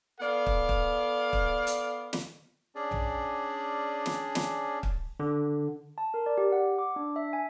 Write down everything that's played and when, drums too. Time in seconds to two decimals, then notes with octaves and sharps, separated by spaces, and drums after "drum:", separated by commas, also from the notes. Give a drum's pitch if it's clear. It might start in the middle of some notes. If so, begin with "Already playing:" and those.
0.20 B3 A4 D5 F5
0.46 drum: kick
0.69 drum: kick
1.33 drum: kick
1.67 drum: hi-hat
2.13 drum: snare
2.75 C#4 D4 G#4 D5
2.91 drum: tom A#1
4.06 drum: snare
4.35 drum: snare
4.83 drum: kick
5.20 D3
5.98 A5
6.14 A#4
6.26 D5
6.38 G4
6.52 F#5
6.79 D6
6.96 D4
7.16 E5
7.33 G#5